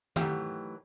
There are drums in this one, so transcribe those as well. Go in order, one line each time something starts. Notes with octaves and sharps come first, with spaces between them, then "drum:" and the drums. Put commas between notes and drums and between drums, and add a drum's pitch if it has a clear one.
D#3 E3 F#3 A3 G4 C#5, drum: tom